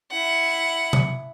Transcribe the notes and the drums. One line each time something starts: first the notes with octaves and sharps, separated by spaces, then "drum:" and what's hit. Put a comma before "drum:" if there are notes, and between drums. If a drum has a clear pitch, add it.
E4 F#5
drum: tom B2